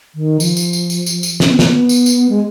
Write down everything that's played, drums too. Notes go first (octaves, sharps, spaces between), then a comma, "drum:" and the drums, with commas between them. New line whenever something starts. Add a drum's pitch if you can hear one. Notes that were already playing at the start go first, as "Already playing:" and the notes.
D#3
F3, drum: tambourine
drum: tambourine
drum: tambourine
drum: tambourine
drum: tambourine
drum: tambourine
C#4, drum: snare
B3
A#3, drum: snare
B3
drum: tambourine
drum: tambourine
G#3